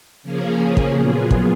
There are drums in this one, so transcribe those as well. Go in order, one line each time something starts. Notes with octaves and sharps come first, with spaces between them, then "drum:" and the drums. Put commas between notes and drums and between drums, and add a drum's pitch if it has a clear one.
C#3 F3 A#3 C#4 G#4
drum: kick
A#2 F#3 B3 F4 G#4
drum: kick